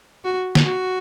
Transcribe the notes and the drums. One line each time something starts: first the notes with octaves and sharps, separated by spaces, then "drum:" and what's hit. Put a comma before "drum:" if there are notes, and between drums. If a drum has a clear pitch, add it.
F#4
drum: snare
F#4